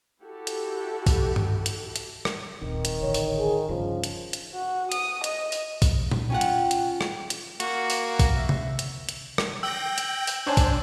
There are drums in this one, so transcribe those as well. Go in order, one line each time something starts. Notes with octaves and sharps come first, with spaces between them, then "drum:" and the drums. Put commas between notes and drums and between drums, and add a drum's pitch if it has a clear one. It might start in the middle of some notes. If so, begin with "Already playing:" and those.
E4 F#4 G4 A4
drum: hi-hat
drum: kick, open hi-hat
drum: tom G2
drum: hi-hat
drum: hi-hat
drum: rim click
D#1 C3 D#3
drum: hi-hat
A1 D3 C#5
drum: open hi-hat
G#4
D2 G2 C#3 F3
drum: hi-hat
drum: hi-hat
F#4
D#6, drum: hi-hat
D#5, drum: hi-hat
drum: open hi-hat
drum: kick, open hi-hat
drum: tom A#2
C#4 F4 F#5 G5
drum: hi-hat
drum: hi-hat
drum: rim click
drum: hi-hat
A#3 F#4, drum: hi-hat
drum: open hi-hat
drum: kick, open hi-hat
E5
drum: tom C3
drum: hi-hat
drum: hi-hat
drum: rim click
G5 E6 G6 A#6
drum: hi-hat
drum: open hi-hat
D4 C5 C#5 G#5 A5
drum: kick, open hi-hat